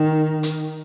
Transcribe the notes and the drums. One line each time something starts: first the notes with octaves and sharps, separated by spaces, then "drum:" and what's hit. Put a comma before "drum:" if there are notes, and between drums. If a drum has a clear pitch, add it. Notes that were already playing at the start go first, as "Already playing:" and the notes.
Already playing: D#3
drum: hi-hat